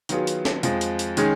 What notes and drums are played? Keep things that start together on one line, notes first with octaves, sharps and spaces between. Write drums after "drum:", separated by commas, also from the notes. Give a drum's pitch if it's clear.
D#3 F#3 B3 F4 G#4, drum: hi-hat
drum: hi-hat
drum: snare
F2 F3 G#3, drum: hi-hat
drum: hi-hat
drum: hi-hat
D#3 G#3 C#4 G#4, drum: hi-hat